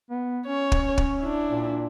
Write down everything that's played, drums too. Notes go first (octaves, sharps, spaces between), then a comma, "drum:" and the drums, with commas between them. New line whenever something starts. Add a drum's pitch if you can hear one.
B3
C#4 C#5
drum: kick
drum: kick
D4 E4
A#2